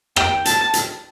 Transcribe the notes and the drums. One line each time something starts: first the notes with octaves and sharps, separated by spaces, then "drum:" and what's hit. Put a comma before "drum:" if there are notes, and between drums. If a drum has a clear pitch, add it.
G5, drum: rim click
A5, drum: hi-hat
drum: hi-hat